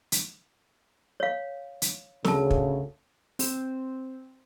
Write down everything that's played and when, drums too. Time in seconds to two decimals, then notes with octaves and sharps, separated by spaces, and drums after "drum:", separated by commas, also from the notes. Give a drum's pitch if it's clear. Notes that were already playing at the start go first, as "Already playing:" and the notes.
0.12 drum: hi-hat
1.20 C#5 F5
1.82 drum: hi-hat
2.25 D2 C#3 A#4 A5, drum: snare
2.51 drum: kick
3.39 C4, drum: open hi-hat